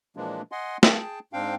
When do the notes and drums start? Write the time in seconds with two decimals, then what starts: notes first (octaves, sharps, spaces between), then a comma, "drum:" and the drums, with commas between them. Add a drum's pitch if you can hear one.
0.17 A#2 E3 F3 G#3 A#3 D4
0.52 D#5 F#5 G#5 C6
0.83 G#4 G5 A5, drum: snare
1.33 G#2 C4 D4 F5 G5